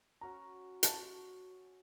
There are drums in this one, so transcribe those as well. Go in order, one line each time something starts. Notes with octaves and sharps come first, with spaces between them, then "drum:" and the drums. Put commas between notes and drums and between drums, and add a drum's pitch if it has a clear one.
C#4 F#4 A#4 A#5
C#4 F#4 A5, drum: hi-hat